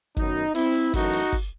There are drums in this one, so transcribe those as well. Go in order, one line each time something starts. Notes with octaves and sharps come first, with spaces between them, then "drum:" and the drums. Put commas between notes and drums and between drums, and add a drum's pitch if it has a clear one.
F#2 D#3 F#3 B3 D#4, drum: kick, hi-hat
C4 E4, drum: open hi-hat
drum: hi-hat
F#2 E3 A3 D#4 F#4, drum: kick, open hi-hat
drum: open hi-hat
drum: kick, hi-hat